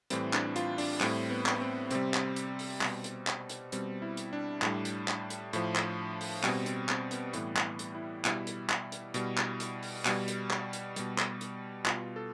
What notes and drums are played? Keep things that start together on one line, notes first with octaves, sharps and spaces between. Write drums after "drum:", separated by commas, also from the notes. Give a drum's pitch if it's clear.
A2 E3 G3 C4, drum: hi-hat
D4, drum: clap
F4, drum: hi-hat
D4, drum: open hi-hat
A2 G3 C4, drum: clap
B3
drum: clap
C4
C3 G3 C4, drum: hi-hat
drum: clap
drum: hi-hat
drum: open hi-hat
B2 G3, drum: clap
drum: hi-hat
drum: clap
drum: hi-hat
B2 G3 C4, drum: hi-hat
E4
drum: hi-hat
D4
A2 G3 D4, drum: clap
drum: hi-hat
drum: clap
drum: hi-hat
A2 F3, drum: hi-hat
drum: clap
drum: open hi-hat
B2 G3 C4, drum: clap
C4, drum: hi-hat
C4, drum: clap
B3, drum: hi-hat
A2 E3 G3 B3, drum: hi-hat
drum: clap
drum: hi-hat
E4
B2 G3 E4, drum: clap
drum: hi-hat
drum: clap
drum: hi-hat
B2 G3, drum: hi-hat
drum: clap
drum: hi-hat
drum: open hi-hat
B2 G3, drum: clap
drum: hi-hat
drum: clap
drum: hi-hat
B2 G3, drum: hi-hat
drum: clap
drum: hi-hat
B2 G3 F4, drum: clap
A4